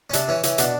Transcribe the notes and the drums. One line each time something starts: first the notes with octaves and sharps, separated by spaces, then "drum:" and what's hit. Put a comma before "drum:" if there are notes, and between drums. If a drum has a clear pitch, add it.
C#4
C3 D4, drum: hi-hat
E3 C#4
E3 C#4, drum: hi-hat
B2 D4, drum: hi-hat